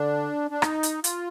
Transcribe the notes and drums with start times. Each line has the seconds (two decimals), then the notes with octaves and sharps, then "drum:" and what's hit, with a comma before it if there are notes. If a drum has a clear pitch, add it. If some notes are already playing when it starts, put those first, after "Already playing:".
Already playing: D3 D4
0.51 D4
0.62 D#4, drum: rim click
0.83 drum: hi-hat
1.04 F4, drum: hi-hat